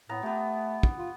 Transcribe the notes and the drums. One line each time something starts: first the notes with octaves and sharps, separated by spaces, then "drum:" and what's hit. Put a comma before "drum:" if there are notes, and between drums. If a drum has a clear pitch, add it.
A2 B3 A#5
A3 B3 G4
drum: kick
F4